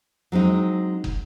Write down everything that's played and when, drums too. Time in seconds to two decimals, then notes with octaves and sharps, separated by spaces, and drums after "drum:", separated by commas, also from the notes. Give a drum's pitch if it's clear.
0.32 F#3 G#3 C4 D#4
1.04 drum: kick